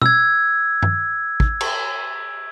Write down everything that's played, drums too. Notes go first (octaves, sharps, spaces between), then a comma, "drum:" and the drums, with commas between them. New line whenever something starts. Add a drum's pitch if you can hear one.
E6 G#6, drum: tom
drum: tom G2
drum: kick
drum: cymbal